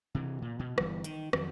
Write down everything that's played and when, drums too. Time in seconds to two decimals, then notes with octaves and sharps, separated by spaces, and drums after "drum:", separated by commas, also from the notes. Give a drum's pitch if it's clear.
0.15 C3 E3
0.42 A#2
0.59 B2
0.78 G1 E3 G3 B3, drum: rim click
1.04 D#3, drum: hi-hat
1.33 F2 D#3 F#3, drum: rim click